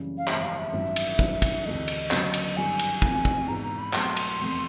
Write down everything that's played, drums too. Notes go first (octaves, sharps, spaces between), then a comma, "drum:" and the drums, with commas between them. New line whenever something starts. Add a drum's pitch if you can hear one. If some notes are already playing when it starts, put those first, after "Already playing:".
Already playing: F#1 F#2 C#3 E3 G3
F5
G1 F2 C3 E3 G#3 E5, drum: clap
F5
E5
A1 G2 D#3 F#3
drum: cymbal
F#2 D#3 G3, drum: kick
drum: kick, cymbal
D2 C3 E3 A3 D#5
drum: cymbal
F#1 F#2 D3 F#3 B3, drum: clap
drum: cymbal
G1 F#2 D#3 G3 G#5
drum: cymbal
E2 C3 F3 A3 C4, drum: kick
drum: kick
G#2 E3 G#3 B3 A#5
A#5
B5
C2 B2 F#3 A3 C6, drum: clap
drum: cymbal
F1 E2 C3 F3 A3